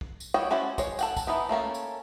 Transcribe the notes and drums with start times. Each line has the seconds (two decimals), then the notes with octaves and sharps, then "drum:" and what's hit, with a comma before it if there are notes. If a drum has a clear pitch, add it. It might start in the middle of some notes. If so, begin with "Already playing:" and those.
0.01 drum: kick
0.20 drum: tambourine
0.34 G3 F#4 C#5 D#5 G5
0.51 C#4 E4 F#4 C5 D5
0.78 G#3 C#5, drum: kick, tambourine
0.99 A4 F#5 G5, drum: tambourine
1.17 drum: kick, tambourine
1.27 E3 B3 D#4 E4
1.49 A3 A#3 C#4 A4
1.74 drum: tambourine